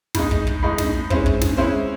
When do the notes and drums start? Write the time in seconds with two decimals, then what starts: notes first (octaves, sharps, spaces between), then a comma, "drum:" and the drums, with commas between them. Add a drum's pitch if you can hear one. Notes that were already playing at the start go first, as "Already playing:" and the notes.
0.15 A2 G#3 D#4, drum: snare
0.31 drum: kick
0.47 drum: kick
0.62 A2 G#3 D#4
0.78 drum: snare
1.10 G#3 C#4 E4 C5, drum: kick
1.26 drum: kick
1.42 drum: snare
1.57 G#3 C#4 E4 C5